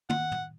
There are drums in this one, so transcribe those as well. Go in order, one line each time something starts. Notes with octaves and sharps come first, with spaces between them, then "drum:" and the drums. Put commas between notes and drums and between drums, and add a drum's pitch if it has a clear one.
F#5, drum: tom
drum: tom